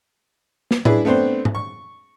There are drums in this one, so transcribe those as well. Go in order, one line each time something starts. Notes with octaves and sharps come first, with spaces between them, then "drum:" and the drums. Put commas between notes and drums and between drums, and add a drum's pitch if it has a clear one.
drum: snare
D4 E4 G#4 B4, drum: tom A2
A3 B3 C4 D4 C5
drum: tom G#2
C#6